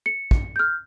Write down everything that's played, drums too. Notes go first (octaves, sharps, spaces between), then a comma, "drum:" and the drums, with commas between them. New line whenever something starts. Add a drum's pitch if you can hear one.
C#7
drum: kick
F6 G6